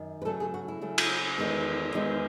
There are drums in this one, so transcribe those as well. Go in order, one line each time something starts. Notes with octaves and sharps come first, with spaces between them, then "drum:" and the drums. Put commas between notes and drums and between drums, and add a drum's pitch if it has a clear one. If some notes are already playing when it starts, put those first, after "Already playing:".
Already playing: F#2 D#3
B4
C#3 F#3 A3 A4
G#4
F#4
E4
C#3 F#3 A3
drum: cymbal
E2 D#3 G#3 B3
E2 D#3 G#3 B3 D#4